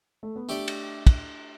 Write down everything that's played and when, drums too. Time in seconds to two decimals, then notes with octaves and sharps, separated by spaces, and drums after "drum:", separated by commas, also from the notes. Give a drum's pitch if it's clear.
0.23 A3
0.36 B3
0.48 A3 D4 G4 D5
0.68 drum: cymbal
1.07 drum: kick, cymbal